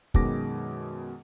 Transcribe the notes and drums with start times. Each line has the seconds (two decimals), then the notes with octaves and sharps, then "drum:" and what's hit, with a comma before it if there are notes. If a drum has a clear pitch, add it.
0.14 F#2 B2 D#3 G#3 D6 A#6, drum: kick